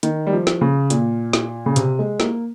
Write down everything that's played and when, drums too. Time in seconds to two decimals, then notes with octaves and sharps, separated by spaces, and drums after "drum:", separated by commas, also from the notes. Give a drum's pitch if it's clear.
0.03 D#3, drum: hi-hat
0.27 G3
0.33 F3
0.47 drum: snare
0.61 C#3
0.90 A#2, drum: hi-hat
1.33 drum: snare
1.66 C#3
1.76 C3, drum: hi-hat
1.99 G#3
2.20 A#3, drum: snare